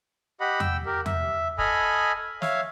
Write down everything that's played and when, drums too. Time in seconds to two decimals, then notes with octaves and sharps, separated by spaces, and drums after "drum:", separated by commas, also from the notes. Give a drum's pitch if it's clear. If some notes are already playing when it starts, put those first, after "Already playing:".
0.40 G4 D#5 F#5 B5
0.60 G5 E6, drum: tom E2
0.86 G4 A#4
1.06 E5, drum: tom E2
1.58 A4 D#5 G#5 B5 D#6 F6, drum: kick
2.42 C#5 E5 F5, drum: snare